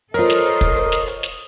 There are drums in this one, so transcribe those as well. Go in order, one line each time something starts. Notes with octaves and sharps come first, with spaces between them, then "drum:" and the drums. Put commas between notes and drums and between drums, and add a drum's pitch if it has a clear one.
F4 A4 A#4 C5 C#5 D#5, drum: hi-hat
drum: snare
drum: hi-hat
drum: kick, hi-hat
drum: hi-hat
drum: snare
drum: hi-hat
drum: snare